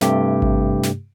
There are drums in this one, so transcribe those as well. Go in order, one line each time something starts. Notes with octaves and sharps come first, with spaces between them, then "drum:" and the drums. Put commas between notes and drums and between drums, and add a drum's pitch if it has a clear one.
G2 C3 A3 G4, drum: snare
drum: kick G#1
drum: snare